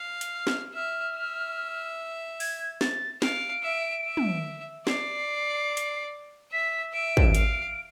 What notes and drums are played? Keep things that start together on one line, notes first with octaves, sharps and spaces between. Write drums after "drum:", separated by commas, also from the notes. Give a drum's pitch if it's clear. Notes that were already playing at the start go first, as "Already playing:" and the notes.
Already playing: F5
drum: hi-hat
F6
drum: snare
E5 F6
E5
G#6, drum: open hi-hat
A6, drum: snare
F5 D7, drum: snare
E5
E5
drum: tom
D5 C7, drum: snare
drum: hi-hat
E5 B6
E5 D7
drum: kick
F5, drum: hi-hat